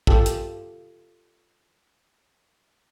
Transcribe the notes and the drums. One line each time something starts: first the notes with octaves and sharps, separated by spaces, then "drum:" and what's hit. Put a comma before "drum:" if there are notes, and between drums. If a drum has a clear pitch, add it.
F4 G4 A4, drum: kick
drum: hi-hat